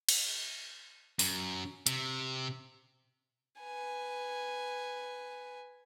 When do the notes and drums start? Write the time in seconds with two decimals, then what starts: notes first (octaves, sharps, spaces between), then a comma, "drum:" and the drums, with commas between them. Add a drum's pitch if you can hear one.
0.09 drum: cymbal
1.19 F#2, drum: open hi-hat
1.87 C3, drum: hi-hat
3.60 B4 G#5